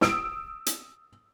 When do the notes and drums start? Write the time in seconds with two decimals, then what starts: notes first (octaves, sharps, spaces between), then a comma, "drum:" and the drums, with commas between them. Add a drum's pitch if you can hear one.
0.01 D#6 E6 D7, drum: snare
0.66 drum: hi-hat